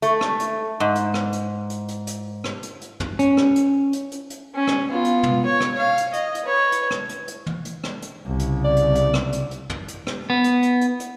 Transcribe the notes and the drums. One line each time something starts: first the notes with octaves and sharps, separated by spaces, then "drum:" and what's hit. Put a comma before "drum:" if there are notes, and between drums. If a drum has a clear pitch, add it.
A3, drum: hi-hat
drum: rim click
drum: hi-hat
G#2
drum: hi-hat
drum: rim click
drum: hi-hat
drum: hi-hat
drum: hi-hat
drum: hi-hat
drum: rim click
drum: hi-hat
drum: hi-hat
drum: tom
C#4, drum: hi-hat
drum: rim click
drum: hi-hat
drum: hi-hat
drum: hi-hat
drum: hi-hat
C#4
drum: rim click
B3 F4
drum: hi-hat
drum: tom
C#5
drum: rim click
C#5 F5
drum: hi-hat
D#5, drum: hi-hat
drum: hi-hat
B4 C#5
drum: hi-hat
drum: rim click
drum: hi-hat
drum: hi-hat
drum: tom
drum: hi-hat
drum: rim click
drum: hi-hat
C2 C#3
drum: hi-hat
D5
drum: hi-hat
drum: hi-hat
drum: rim click
drum: hi-hat
drum: hi-hat
drum: tom
drum: hi-hat
drum: rim click
B3
drum: hi-hat
drum: hi-hat
drum: hi-hat
drum: hi-hat